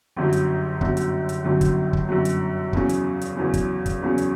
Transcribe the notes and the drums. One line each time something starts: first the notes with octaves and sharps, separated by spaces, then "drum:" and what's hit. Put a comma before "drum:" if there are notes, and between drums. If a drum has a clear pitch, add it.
G1 F#2 D3 F#3
drum: hi-hat
G1 F#2 D3 F#3, drum: kick
drum: hi-hat
drum: hi-hat
G1 F#2 D3 F#3
drum: kick, hi-hat
drum: kick
G1 F#2 D3 F#3
drum: hi-hat
E2 C#3 F#3 C#4, drum: kick
drum: hi-hat
drum: hi-hat
E2 C#3 F#3 C#4
drum: kick, hi-hat
drum: kick, hi-hat
E2 C#3 F#3 C#4
drum: hi-hat